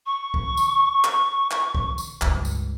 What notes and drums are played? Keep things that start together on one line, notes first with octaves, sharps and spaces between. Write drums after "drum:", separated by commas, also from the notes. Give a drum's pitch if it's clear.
C#6
drum: kick
drum: tambourine
drum: clap
drum: clap
drum: kick
drum: tambourine
C#2 G2, drum: clap
drum: tambourine